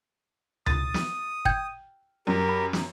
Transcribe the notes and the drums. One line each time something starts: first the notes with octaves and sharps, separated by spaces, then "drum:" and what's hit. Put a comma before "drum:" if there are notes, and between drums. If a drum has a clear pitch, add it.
D#6 A6, drum: tom C#2
drum: snare
G5 G6 G#6, drum: kick
F#2 G4 A#4
B5
drum: snare